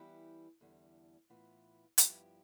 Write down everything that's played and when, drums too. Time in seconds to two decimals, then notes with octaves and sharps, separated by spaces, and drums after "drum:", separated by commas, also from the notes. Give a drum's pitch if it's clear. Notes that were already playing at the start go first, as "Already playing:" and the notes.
Already playing: E3 G3 B3 E4 G4
0.61 E2 D3 G3
1.29 A2 E3 B3 F4
1.98 G2 F3 B3 E4 G4, drum: hi-hat